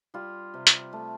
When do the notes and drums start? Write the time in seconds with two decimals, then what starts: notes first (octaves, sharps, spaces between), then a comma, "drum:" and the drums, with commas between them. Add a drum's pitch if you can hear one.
0.14 G3 F4
0.54 C3
0.67 drum: hi-hat
0.93 A3